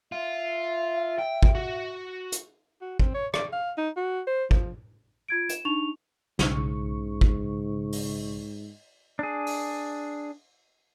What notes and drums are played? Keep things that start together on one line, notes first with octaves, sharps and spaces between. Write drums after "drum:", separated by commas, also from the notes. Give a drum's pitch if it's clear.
F4 E5
G5
drum: kick
F#4
drum: hi-hat
F#4
C4, drum: kick
C#5
D5, drum: rim click
F5
D#4
F#4
C5
F3, drum: kick
F4 G#6 D7
E7, drum: hi-hat
D4 D#4 C#6 F7
B1 G#2 C#3 C#6, drum: snare
drum: kick
drum: open hi-hat
D4 G#4
drum: open hi-hat